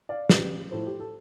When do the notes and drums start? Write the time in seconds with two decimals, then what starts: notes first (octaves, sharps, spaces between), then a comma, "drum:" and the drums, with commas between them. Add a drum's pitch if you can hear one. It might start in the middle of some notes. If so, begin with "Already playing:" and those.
0.09 D5 F5
0.29 A1 G4 B4, drum: snare
0.71 A2 F3 A4 C5
0.87 G4
1.00 A4